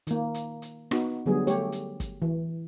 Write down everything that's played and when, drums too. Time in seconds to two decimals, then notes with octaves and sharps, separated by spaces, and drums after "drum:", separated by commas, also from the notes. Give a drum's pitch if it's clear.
0.07 D#3 A#3, drum: hi-hat
0.34 drum: hi-hat
0.62 drum: hi-hat
0.91 B3 D#4 F#4, drum: rim click
1.26 D3 F#3 G3 A3 B3 G#4
1.47 A3 G4 C#5, drum: hi-hat
1.72 drum: hi-hat
2.00 drum: kick, hi-hat
2.22 E3